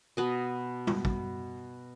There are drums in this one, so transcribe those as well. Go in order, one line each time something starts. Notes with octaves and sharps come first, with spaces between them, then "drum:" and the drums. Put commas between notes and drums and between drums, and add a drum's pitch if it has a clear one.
B2 B4 D#5
drum: tom G3
drum: kick